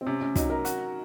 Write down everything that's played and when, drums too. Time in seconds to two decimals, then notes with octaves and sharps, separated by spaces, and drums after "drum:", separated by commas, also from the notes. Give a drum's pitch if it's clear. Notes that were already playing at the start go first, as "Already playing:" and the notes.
0.01 C4
0.07 C3 C#4
0.21 C#4
0.36 F#3 D#4, drum: kick, hi-hat
0.50 A#4
0.65 F#4, drum: hi-hat